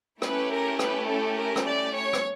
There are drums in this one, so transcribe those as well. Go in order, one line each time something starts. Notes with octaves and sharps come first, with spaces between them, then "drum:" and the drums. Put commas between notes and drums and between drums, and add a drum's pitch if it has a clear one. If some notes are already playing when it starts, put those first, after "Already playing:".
A3 C#4 E4 G4 B4, drum: rim click
A#4
B4, drum: rim click
A4
A#4
drum: rim click
D5
C#5
drum: rim click